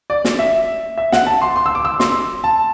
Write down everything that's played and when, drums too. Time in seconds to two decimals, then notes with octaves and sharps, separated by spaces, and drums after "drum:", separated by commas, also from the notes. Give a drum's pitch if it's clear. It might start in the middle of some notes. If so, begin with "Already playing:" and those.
0.10 D5
0.25 drum: snare
0.39 E5
0.98 E5
1.12 F#5, drum: snare
1.27 A5
1.42 C6
1.56 C6
1.66 E6
1.75 D6
1.85 E6
2.00 C6, drum: snare
2.44 A5